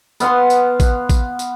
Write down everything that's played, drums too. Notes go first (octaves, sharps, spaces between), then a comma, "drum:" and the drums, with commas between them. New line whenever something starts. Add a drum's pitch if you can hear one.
B3 F5 F#5 C6, drum: tambourine
drum: tambourine
drum: kick A1, tambourine
drum: kick A1, tambourine
drum: tambourine